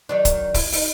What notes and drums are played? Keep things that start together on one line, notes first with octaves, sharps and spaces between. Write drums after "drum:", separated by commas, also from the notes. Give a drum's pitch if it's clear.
D#3 F#3 D4
drum: kick, hi-hat
E4, drum: kick, open hi-hat
D#4, drum: open hi-hat